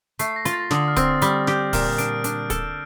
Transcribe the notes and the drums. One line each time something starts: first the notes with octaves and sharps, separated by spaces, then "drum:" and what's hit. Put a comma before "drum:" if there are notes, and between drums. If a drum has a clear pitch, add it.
A3 C7, drum: hi-hat
A#6
F4, drum: hi-hat
A6
D3 D#6, drum: snare
F6
C4, drum: kick, hi-hat
D#6
G3 D#6, drum: hi-hat
G4 G6, drum: snare
A#2 F6, drum: kick, open hi-hat
D4 D7, drum: hi-hat
D4, drum: hi-hat
A4, drum: kick, hi-hat